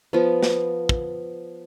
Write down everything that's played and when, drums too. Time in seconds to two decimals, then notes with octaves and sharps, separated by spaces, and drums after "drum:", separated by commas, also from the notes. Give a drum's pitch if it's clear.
0.13 F3 B3
0.43 drum: snare
0.89 drum: kick